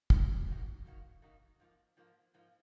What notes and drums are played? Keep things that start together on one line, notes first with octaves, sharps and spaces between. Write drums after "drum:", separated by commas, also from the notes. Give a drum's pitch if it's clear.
F#2 D#3 A#3 D#4 F#4, drum: kick
F#2 D#3 A#3 D#4 F#4
F#2 D#3 A#3 D#4 F#4
F#2 D#3 A#3 D#4 F#4
G#2 F3 A#3
G#2 F3 A#3
G#2 F3 A#3